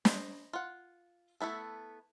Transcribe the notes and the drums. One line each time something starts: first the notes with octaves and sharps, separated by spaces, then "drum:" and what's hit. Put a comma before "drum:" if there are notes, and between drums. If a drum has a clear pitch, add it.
C5 D#5, drum: snare
F4 F#5
A3 B3 E4 A4